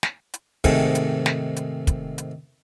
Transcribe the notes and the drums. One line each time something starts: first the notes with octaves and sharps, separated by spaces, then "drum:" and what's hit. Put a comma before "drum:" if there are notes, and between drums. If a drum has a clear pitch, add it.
drum: snare
drum: hi-hat
G#2 C3 D#3 A3 G#4, drum: kick, hi-hat
drum: hi-hat
drum: snare
drum: hi-hat
drum: kick, hi-hat
drum: hi-hat